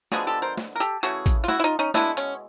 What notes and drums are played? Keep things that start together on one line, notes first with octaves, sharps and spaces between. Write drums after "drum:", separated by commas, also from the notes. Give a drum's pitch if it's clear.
D3 F3 G#3 B3 F#4 G#4, drum: snare
G4 A4
A#4 C5
drum: snare
A#4
G4 A4, drum: hi-hat
C#3 E3 A3 F#4 G#4, drum: hi-hat
drum: kick, hi-hat
F4
E4 F#4, drum: snare
E4
D#4 F4
C#4 D#4
B2 G#3 B3 D4 E4, drum: snare
C#4, drum: hi-hat